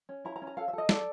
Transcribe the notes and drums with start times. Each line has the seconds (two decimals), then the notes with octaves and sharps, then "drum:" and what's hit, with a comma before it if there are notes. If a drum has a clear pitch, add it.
0.09 C#4
0.25 E4 A#5
0.36 A#5
0.42 C#4
0.47 A#5
0.57 A4 F5
0.68 E5
0.73 A4 D#5
0.89 A4 D5, drum: snare